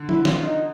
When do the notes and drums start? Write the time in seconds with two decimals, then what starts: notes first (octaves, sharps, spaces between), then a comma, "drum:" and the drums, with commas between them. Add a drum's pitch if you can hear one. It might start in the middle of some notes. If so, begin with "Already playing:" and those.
Already playing: D3
0.09 E4, drum: tom
0.25 F4, drum: snare
0.43 D#4